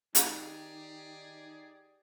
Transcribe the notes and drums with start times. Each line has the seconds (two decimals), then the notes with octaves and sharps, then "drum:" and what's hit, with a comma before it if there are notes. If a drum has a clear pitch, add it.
0.15 D#3 D#4 G4 G#4 D5, drum: hi-hat